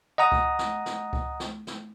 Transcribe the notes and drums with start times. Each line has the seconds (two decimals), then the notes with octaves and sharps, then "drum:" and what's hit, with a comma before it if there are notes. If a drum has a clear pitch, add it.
0.18 D#5 F#5 A#5 D#6
0.32 drum: kick C#2
0.59 drum: snare
0.86 drum: snare
1.13 drum: kick C#2
1.40 drum: snare
1.67 drum: snare